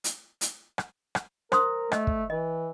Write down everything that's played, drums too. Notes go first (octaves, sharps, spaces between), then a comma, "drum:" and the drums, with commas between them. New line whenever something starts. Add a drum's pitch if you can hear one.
drum: hi-hat
drum: hi-hat
drum: rim click
drum: rim click
A#4 C5 C6 D#6, drum: rim click
A3 D#5, drum: rim click
drum: kick
E3 D#5